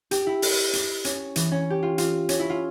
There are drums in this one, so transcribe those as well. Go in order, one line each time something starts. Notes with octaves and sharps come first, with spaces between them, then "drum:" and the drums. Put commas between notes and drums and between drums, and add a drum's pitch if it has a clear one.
G4, drum: hi-hat
E4
drum: open hi-hat
drum: hi-hat
C#4, drum: hi-hat
E3, drum: hi-hat
C#4
G4
F4
F4, drum: hi-hat
C#4, drum: hi-hat
E4
F4